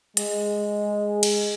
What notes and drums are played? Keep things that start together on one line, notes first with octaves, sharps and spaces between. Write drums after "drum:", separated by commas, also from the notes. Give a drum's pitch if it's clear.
G#3, drum: hi-hat
drum: cymbal